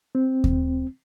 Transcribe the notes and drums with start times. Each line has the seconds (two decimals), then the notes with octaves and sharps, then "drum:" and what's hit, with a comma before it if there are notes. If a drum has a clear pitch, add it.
0.15 C4
0.44 drum: kick D#2